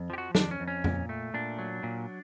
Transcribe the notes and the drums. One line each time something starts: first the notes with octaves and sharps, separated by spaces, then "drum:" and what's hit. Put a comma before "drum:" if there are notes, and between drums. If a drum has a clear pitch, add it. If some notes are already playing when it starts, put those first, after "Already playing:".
Already playing: F2
F3 G4
F#4
F2 D4, drum: snare
C#4
F2
C#4
A#2, drum: tom F2
A3
A#2 D4
F#3
A#2